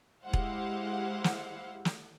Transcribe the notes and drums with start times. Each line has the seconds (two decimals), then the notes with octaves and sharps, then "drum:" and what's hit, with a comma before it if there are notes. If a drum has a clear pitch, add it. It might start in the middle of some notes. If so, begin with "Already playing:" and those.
0.24 G#3 E4 G4 C5 F5 F#5
0.33 drum: kick E1
1.24 drum: snare
1.85 drum: snare